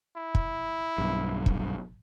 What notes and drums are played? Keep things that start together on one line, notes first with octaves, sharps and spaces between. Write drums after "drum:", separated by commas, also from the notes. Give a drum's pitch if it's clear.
E4
drum: kick
B1 G2
drum: kick